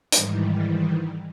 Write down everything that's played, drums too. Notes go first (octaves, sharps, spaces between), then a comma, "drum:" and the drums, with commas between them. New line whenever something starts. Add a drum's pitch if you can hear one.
G#2 D#3 E3 G3, drum: hi-hat